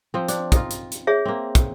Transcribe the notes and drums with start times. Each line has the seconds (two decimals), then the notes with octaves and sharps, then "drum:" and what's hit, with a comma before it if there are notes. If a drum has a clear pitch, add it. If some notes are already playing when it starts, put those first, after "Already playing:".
0.14 F3 C4
0.28 D4, drum: hi-hat
0.52 D#4 F4, drum: kick, hi-hat
0.71 drum: hi-hat
0.92 drum: hi-hat
1.07 G#4 C#5 E5
1.25 A#3 C4
1.55 drum: kick, hi-hat